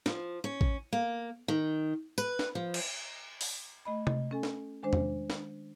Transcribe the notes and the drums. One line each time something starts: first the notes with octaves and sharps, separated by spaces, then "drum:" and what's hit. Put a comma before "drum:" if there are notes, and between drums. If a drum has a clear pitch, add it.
F3, drum: snare
C#4
drum: kick A1
A#3
D#3
B4, drum: tambourine
drum: snare
F3
drum: cymbal
drum: open hi-hat
A3 D#5 B5
D#5, drum: tom C3
C#4 A4 G#5
drum: snare
D#3 G#3 D4 C5
drum: tom
drum: snare